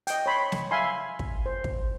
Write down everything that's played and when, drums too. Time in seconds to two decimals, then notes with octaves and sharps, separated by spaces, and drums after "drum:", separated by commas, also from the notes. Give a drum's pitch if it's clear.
0.07 D#5 G5, drum: hi-hat
0.26 C#5 B5 C6
0.52 drum: snare
0.71 E5 F5 G#5 B5 C6
1.19 drum: kick
1.46 C5
1.64 drum: kick